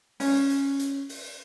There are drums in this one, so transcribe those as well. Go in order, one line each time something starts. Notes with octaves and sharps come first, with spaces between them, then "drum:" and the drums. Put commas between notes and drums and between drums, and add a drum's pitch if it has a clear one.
C#4, drum: open hi-hat
drum: hi-hat
drum: hi-hat
drum: open hi-hat